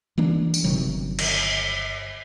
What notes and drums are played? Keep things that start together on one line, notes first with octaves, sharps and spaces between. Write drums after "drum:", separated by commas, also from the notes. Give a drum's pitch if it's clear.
E3 A#3 D4
drum: tambourine
G1 C3 D#3 F#3
drum: cymbal